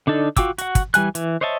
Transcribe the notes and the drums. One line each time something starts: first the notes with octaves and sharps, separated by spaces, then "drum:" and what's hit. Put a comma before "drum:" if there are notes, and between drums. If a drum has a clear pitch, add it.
D3 D4 D#4 A4
F4 F#4 G5 D6 E6, drum: kick, hi-hat
F#4 F#5, drum: hi-hat
drum: kick, hi-hat
E3 G3 G#5 F#6, drum: hi-hat
E3, drum: hi-hat
C5 C#5 D#5 E5 A5